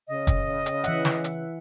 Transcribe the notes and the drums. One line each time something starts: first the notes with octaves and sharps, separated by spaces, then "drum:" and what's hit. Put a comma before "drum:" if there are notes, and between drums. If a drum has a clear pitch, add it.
C#3 D#5
drum: kick, hi-hat
drum: hi-hat
E3 E5 F#5, drum: hi-hat
drum: snare
drum: hi-hat